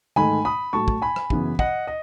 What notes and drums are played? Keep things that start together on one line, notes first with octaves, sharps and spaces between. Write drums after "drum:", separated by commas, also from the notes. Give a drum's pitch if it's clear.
G#2 D#3 A3 G#5 B5, drum: tom D3
B5 D#6
A2 F#3 A3 A5 C#6
drum: kick
G#5 B5
drum: rim click
F#2 C#3 E3 B3, drum: kick
D#5 F#5, drum: kick
D#5